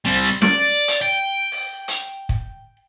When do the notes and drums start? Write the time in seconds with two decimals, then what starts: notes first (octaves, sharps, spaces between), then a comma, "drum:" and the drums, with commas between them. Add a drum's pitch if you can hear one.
0.05 G3 C4
0.42 D5, drum: snare
0.88 drum: hi-hat
1.02 G5
1.52 drum: open hi-hat
1.88 drum: hi-hat
2.29 drum: kick